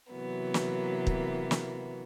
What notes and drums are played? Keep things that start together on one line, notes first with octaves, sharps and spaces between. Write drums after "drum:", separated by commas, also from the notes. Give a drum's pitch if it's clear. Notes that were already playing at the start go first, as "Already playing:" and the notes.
C3 E3 F#3 A#3 B3
drum: snare
drum: kick
drum: snare